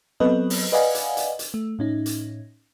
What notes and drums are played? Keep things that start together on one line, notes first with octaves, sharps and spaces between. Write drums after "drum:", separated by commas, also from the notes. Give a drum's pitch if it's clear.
F#3 B3 C4 A4 B4 D#5
drum: open hi-hat
B4 D5 D#5 F5 F#5 G#5
drum: hi-hat
drum: hi-hat
drum: hi-hat
A3
A2 C#4 D#4
drum: hi-hat